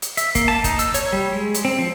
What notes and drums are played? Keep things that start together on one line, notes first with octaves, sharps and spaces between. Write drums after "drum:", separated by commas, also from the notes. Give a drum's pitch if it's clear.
drum: hi-hat
E5, drum: hi-hat
A#3, drum: kick G1, hi-hat
A5, drum: rim click
D#4, drum: kick G1, hi-hat
E6, drum: hi-hat
C#5, drum: hi-hat
G3
G#3
drum: hi-hat
C4
F3